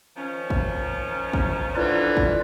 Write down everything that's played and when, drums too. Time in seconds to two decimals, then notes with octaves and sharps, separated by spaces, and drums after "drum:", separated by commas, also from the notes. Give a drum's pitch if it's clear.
0.17 D#3 F3 C#4
0.50 drum: kick G#1
1.33 drum: kick G#1
1.75 D3 E3 F4 B4 D5
2.17 drum: kick G#1